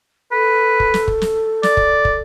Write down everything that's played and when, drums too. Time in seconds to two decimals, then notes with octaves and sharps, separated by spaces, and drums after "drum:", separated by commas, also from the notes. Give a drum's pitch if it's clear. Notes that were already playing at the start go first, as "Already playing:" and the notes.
0.32 A4 B4
0.80 drum: kick
0.94 drum: snare
1.08 drum: kick
1.22 drum: snare
1.63 D5, drum: snare
1.77 drum: kick
2.05 drum: kick